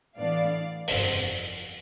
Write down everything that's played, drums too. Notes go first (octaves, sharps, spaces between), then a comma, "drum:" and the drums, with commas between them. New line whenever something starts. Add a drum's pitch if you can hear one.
A2 E3 B3 D4 D5 F5
G1 F2 C3 F3 C4, drum: open hi-hat